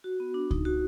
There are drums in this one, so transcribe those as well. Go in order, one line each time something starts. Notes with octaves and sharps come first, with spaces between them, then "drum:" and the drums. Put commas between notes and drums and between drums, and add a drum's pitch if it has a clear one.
F#4
B3
D4
D#4, drum: kick C#2
F#4